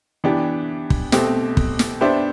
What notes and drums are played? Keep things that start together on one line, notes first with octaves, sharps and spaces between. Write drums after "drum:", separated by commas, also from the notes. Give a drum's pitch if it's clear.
E3 B3 D4 G4
drum: kick
B2 A3 C4 G4, drum: snare
drum: kick
drum: snare
B3 D4 G4 C5 E5